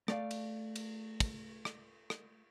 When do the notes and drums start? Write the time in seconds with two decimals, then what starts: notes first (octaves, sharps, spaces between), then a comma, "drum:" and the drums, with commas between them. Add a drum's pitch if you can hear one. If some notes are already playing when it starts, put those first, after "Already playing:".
0.08 A3 D5 F5, drum: rim click
0.31 drum: cymbal
0.76 drum: cymbal
1.20 drum: kick, cymbal
1.65 drum: rim click
2.10 drum: rim click